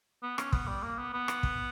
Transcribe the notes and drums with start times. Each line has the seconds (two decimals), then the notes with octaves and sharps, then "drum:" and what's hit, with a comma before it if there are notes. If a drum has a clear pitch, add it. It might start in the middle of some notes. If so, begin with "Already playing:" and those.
0.23 B3
0.38 C#4, drum: rim click
0.53 B3, drum: kick
0.68 G3
0.83 A#3
0.99 B3
1.13 B3
1.28 drum: rim click
1.43 drum: kick